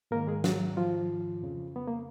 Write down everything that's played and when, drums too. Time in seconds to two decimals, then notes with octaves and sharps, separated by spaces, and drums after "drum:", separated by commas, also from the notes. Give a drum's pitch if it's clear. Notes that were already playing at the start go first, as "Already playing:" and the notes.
0.11 G#2 D#3 A#3 A#4
0.27 G#3 G#4
0.44 F#3 F#4, drum: snare
0.77 F3 F4
1.43 F2 C#3
1.76 B3
1.88 A#3